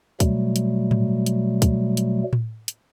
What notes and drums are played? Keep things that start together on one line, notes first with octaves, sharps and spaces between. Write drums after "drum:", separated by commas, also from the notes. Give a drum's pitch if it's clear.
B2 F#3 G3 A3, drum: kick, hi-hat
drum: hi-hat
drum: tom A2
drum: hi-hat
drum: kick, hi-hat
drum: hi-hat
drum: tom A2
drum: hi-hat